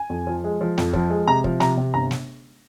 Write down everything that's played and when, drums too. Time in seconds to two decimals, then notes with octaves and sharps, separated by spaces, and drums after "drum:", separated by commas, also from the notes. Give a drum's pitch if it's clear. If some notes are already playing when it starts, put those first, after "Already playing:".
Already playing: G#5
0.10 F2
0.27 F3
0.44 G#3
0.61 F3
0.78 F2, drum: snare
0.93 F3, drum: kick
1.10 G#3
1.27 C3 A#5
1.44 F3, drum: kick
1.60 C3 A#5, drum: snare
1.77 C3
1.94 G1 A#5
2.11 drum: snare